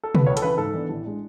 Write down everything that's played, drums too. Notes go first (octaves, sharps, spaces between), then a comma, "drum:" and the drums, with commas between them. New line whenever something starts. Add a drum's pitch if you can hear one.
A4
B4, drum: tom
C#2 C#5
A4, drum: hi-hat
C#3 E3 B4
G#2 A4
E3 B3 D4
A1
G#3 D4